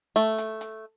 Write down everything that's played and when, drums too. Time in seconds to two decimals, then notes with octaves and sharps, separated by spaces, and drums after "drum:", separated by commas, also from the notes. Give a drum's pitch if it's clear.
0.16 A3, drum: hi-hat
0.38 drum: hi-hat
0.61 drum: hi-hat